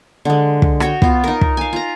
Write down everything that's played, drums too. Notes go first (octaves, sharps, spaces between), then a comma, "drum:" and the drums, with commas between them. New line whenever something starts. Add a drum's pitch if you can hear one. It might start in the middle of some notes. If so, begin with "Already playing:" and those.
D3 G#3
drum: kick
F#4 C#5 G5, drum: rim click
B3 F4, drum: kick
D#4 A#4
drum: kick
F5 G#5
F4 A#5